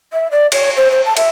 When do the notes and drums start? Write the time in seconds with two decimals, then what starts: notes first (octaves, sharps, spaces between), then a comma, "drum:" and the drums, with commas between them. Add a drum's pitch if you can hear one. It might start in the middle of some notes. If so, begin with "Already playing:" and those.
0.12 E5
0.31 D5
0.52 C#5, drum: cymbal
0.76 C5
0.91 C5
1.05 A5
1.17 E5, drum: cymbal